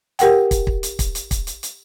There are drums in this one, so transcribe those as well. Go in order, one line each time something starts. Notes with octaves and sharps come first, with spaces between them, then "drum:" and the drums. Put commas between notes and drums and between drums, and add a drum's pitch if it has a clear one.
G4 A#4 F#5 G5, drum: hi-hat
drum: kick, hi-hat
drum: kick
drum: hi-hat
drum: kick, hi-hat
drum: hi-hat
drum: kick, hi-hat
drum: hi-hat
drum: hi-hat